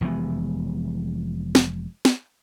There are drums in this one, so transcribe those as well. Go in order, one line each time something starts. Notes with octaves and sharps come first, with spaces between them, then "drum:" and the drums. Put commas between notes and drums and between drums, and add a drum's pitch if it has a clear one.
F1 E3 G#3 B3
drum: snare
drum: snare